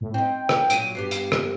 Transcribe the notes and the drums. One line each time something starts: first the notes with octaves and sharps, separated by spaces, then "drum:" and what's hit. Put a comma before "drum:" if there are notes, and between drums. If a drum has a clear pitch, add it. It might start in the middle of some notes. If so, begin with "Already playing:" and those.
A2
C4 D#4 G5
drum: rim click
A#2 F#3 D7 D#7, drum: hi-hat
G2 B3 G4 C7
drum: hi-hat
drum: rim click